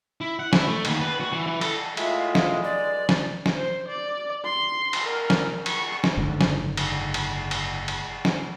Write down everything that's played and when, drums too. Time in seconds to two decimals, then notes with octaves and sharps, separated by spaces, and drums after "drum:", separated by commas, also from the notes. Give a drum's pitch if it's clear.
0.21 E4
0.39 F#5
0.53 E4, drum: snare
0.68 A3
0.85 D#2, drum: cymbal
1.01 B4
1.20 F#4
1.32 E3
1.47 E3
1.61 A4, drum: cymbal
1.97 A2 G#3 E4 F4 E5, drum: cymbal
2.35 drum: snare
2.64 B1 D5
3.09 drum: snare
3.46 drum: snare
3.58 C5
3.88 D5
4.45 C6
4.93 drum: cymbal
5.03 A#4
5.30 drum: snare
5.66 C#6, drum: cymbal
6.04 drum: snare
6.17 F#1 G#2 D3
6.41 drum: snare
6.77 drum: cymbal
7.14 drum: cymbal
7.51 drum: cymbal
7.88 drum: cymbal
8.25 drum: snare